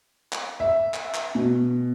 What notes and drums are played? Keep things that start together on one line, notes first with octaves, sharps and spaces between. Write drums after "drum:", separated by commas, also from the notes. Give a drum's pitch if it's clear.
drum: clap
E5
drum: clap
drum: clap
B2